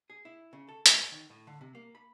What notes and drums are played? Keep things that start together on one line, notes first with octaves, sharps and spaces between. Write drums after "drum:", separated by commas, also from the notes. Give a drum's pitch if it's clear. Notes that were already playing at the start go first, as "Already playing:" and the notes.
G#4
E4
C#3
A4
G#2, drum: hi-hat
C#5
D#3
A2
D3
C3
A#3
B5